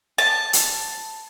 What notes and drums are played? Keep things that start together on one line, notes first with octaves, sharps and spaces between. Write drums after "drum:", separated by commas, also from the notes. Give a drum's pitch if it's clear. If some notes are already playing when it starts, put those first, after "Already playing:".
A5
drum: hi-hat